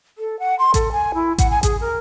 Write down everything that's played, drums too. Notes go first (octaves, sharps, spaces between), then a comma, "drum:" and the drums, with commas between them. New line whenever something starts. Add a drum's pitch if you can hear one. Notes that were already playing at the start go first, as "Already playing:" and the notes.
A4
F#5
C6
A4, drum: kick A1, hi-hat
G#5
E4
F#5, drum: kick A1, hi-hat
G#5
G#4, drum: kick A1, hi-hat
A#4